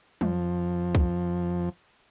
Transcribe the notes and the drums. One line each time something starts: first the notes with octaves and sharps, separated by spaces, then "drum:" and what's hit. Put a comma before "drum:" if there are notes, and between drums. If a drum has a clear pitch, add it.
F2 F3, drum: tom F#3
drum: kick C2